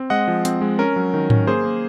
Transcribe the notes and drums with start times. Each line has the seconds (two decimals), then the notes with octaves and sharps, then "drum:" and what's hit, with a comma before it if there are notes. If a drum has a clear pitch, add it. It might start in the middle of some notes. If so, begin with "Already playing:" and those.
Already playing: C4
0.10 G#3 D#5 F#5
0.28 F3
0.45 C4, drum: hi-hat
0.61 G#3
0.79 C#4 A#4
0.96 F#3
1.14 D#3
1.30 C#4, drum: tom G#2
1.47 A#3 G#4 C5
1.65 A#3